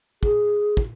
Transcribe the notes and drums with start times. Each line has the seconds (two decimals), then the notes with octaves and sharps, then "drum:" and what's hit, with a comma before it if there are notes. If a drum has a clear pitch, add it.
0.23 G#4, drum: kick
0.77 drum: kick